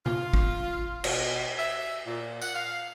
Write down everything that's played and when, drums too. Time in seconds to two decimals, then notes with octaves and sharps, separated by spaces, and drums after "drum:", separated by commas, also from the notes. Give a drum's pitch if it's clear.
0.06 F4, drum: tom C3
0.33 drum: kick
1.04 B2, drum: cymbal
1.58 E5
2.05 A#2
2.42 F#5, drum: tambourine
2.54 F5